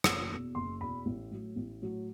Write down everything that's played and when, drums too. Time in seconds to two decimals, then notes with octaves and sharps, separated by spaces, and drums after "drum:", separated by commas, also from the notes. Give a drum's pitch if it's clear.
0.04 F#1 E6, drum: rim click
0.30 E2 B2
0.55 F#1 C6
0.81 E2 B2 B5
1.06 A1
1.31 A2 F#3
1.56 A1
1.82 A2 F#3